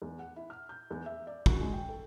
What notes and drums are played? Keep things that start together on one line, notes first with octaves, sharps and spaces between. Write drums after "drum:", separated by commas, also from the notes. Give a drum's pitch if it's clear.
E2
F#5
E4
F6
G6
E2
E5
D5
F#4, drum: kick
G#3
G5
A4